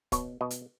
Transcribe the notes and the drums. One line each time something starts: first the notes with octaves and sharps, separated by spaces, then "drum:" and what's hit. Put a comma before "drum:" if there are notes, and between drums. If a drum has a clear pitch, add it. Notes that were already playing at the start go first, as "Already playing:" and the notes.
B2 C#5, drum: kick, hi-hat
B2 D#5
drum: hi-hat